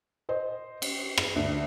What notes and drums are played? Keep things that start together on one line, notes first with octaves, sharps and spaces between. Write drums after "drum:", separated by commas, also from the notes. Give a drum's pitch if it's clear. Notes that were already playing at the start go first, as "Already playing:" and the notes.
C5 D#5
drum: cymbal
drum: rim click
D2 D3